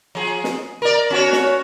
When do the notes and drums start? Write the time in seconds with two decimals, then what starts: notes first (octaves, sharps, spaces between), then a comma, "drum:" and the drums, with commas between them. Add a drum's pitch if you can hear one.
0.15 F3 G#4
0.44 drum: snare
0.82 A#4 D5
1.10 C#4 F#4 C#5
1.33 drum: snare